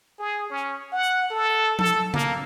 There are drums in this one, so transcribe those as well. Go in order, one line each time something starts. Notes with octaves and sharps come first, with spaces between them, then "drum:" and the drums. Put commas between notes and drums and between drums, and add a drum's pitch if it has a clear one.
G#4
C#4
F#5
A4
A4, drum: tom F3
A#3, drum: tom C#3